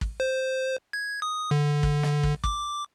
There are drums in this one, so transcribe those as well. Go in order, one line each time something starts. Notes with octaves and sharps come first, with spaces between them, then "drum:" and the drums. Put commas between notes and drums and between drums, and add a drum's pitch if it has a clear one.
drum: kick
C5
G#6
D#6
D3
drum: kick
drum: snare
drum: kick
D6, drum: kick